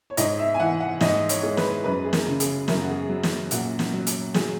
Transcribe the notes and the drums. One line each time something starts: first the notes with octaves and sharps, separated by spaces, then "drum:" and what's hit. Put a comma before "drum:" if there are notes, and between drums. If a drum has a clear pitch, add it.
C#5
G#2 D#5, drum: hi-hat
E5
G#5
E3 F#5
F#5
G#2 D#5, drum: snare
C#5, drum: hi-hat
G#3
B4, drum: snare
F#2 B4
G#4
A#4, drum: snare
C#3
G#4, drum: hi-hat
F#2 A#4, drum: snare
G#4
F#4
G#4
F#3
drum: snare
A#2 F#4, drum: hi-hat
drum: snare
F#3
drum: hi-hat
F#3 G#4, drum: snare